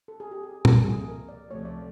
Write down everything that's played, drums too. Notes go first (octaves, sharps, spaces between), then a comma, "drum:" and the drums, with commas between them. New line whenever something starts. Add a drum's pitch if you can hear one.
A4
G#4
G4
G#4
C#2 C3 F3 A#3 A4, drum: tom
G#4
A#4
D5
C#2 C3 F3 A3 C#5
D5